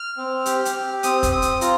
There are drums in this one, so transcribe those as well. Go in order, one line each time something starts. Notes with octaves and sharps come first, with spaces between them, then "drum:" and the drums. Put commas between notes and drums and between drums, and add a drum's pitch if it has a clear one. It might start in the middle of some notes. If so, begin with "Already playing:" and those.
Already playing: F6
C4
G4, drum: hi-hat
drum: hi-hat
G4
C4 D#6, drum: hi-hat
drum: kick F1, hi-hat
C4 D#6
drum: hi-hat
F4 A#5, drum: hi-hat